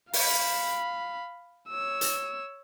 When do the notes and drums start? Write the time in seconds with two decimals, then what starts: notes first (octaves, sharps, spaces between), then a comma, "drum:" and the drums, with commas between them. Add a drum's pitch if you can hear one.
0.13 F5 B5, drum: open hi-hat
1.69 C#5 E6
2.01 drum: hi-hat